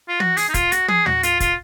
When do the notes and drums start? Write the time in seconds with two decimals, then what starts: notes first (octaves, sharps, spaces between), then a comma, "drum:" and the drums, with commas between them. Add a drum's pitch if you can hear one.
0.08 F4
0.20 F#4, drum: tom
0.37 G#4, drum: open hi-hat
0.49 D#4
0.54 F4, drum: kick, hi-hat
0.72 F#4, drum: hi-hat
0.88 G#4, drum: tom
1.06 F#4, drum: tom
1.23 F4, drum: hi-hat
1.40 F4, drum: kick, hi-hat